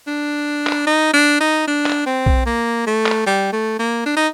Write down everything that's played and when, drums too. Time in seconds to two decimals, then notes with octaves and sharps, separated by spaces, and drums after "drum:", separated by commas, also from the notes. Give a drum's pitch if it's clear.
0.07 D4
0.67 drum: clap
0.87 D#4
1.13 D4
1.40 D#4
1.67 D4
1.87 drum: clap
2.06 C4
2.26 drum: kick B1
2.46 A#3
2.86 A3
3.06 drum: clap
3.26 G3
3.52 A3
3.79 A#3
4.06 D4
4.17 D#4